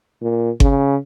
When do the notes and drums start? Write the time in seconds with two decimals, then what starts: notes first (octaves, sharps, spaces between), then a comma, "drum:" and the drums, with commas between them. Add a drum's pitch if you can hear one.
0.22 A#2
0.60 C#3, drum: kick G1